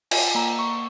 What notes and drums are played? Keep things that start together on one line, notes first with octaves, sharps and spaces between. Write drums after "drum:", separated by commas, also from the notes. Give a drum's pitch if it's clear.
F4 G#5, drum: cymbal
A#3 A#5
A#3 C#6